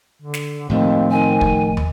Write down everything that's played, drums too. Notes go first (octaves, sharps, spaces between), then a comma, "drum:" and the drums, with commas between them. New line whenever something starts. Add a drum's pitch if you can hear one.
D3
drum: snare
D#2 A2 F3 A3 C4
D#3 G#5
drum: kick
drum: tom